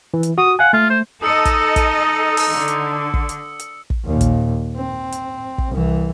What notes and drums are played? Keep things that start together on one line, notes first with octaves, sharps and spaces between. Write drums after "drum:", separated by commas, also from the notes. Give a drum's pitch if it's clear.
E3
drum: hi-hat
F#4 D#6
F5 F#5 G#5
A3 F4
C5
D#4 A4 D#5 D#6 E6 C#7
drum: kick, hi-hat
drum: kick, hi-hat
drum: open hi-hat
D3
drum: hi-hat
drum: kick
drum: hi-hat
drum: hi-hat
drum: kick
D#2 A#2
drum: kick, hi-hat
C4
drum: hi-hat
drum: kick
C2 E3